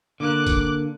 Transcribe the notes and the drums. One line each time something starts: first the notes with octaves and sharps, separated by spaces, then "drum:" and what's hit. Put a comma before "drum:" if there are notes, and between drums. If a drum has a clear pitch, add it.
D3 A#3 D6 F#6
drum: kick, hi-hat